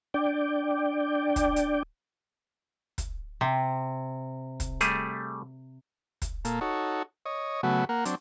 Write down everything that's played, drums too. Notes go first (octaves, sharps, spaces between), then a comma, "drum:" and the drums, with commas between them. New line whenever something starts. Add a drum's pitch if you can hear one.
D4 D5 G5
drum: kick, hi-hat
drum: hi-hat
drum: kick, hi-hat
C3
drum: kick, hi-hat
G3 A3 G#4, drum: hi-hat
drum: kick, hi-hat
A#2 A#3 A4, drum: hi-hat
D#4 F#4 A4 C#5
C#5 D#5
C#3 F#3 A3 B3 F#4
A#3 A#4 F#5
F#3 C4 D4, drum: hi-hat